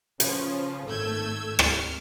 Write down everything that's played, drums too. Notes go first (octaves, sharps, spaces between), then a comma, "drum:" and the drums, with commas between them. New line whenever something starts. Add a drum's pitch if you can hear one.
C#3 F3 C#4 B4, drum: hi-hat
G#1 A3 E6 G6 G#6
F6, drum: rim click